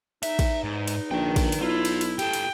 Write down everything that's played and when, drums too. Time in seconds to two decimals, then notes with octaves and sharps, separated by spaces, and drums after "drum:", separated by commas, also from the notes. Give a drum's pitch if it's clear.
0.23 E2 D#4 E5, drum: cymbal
0.39 drum: kick, cymbal
0.64 G#2
0.88 drum: cymbal
1.11 A#1 A#4 G5
1.36 drum: kick, cymbal
1.52 drum: cymbal
1.61 B1 E4 F4
1.85 drum: cymbal
2.01 drum: cymbal
2.19 G4 A4 G5, drum: cymbal
2.33 drum: cymbal